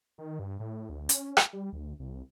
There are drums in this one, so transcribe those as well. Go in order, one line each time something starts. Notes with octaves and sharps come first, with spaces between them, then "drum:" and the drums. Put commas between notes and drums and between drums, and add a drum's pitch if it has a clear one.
D#3
G2
A2
D2
C#4, drum: hi-hat
drum: rim click
G3
D2
C2